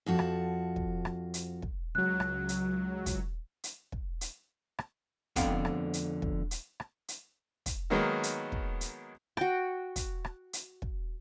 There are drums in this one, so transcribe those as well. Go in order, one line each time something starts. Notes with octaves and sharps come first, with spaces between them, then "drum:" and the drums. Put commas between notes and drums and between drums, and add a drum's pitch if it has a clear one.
F2 F3 F#4 A5
drum: rim click
drum: kick
drum: rim click
drum: hi-hat
drum: kick
C#2 F#3 F#6
drum: rim click
drum: hi-hat
drum: kick, hi-hat
drum: hi-hat
drum: kick
drum: hi-hat
drum: rim click
F2 D3 B3 F5 G5, drum: kick, hi-hat
drum: rim click
drum: hi-hat
drum: kick
drum: hi-hat
drum: rim click
drum: hi-hat
drum: kick, hi-hat
D#3 F#3 G#3 A#3 B3 D#4
drum: hi-hat
drum: kick
drum: hi-hat
F#4 G5, drum: rim click
drum: kick, hi-hat
drum: rim click
drum: hi-hat
drum: kick